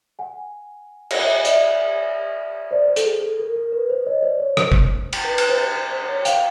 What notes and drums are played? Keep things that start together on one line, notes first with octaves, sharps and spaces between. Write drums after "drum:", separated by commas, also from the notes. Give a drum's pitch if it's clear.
F#5 G#5
drum: cymbal
E5 F#5
D5 E5, drum: hi-hat
C5 D5
C5
A4, drum: hi-hat
G#4
A4
A#4
A#4
B4
C5
C#5 D#5
C5 D5
C#5
C5, drum: rim click
drum: kick
drum: cymbal
B4
drum: cymbal
C5
C5
C5
C#5
F5 G5, drum: hi-hat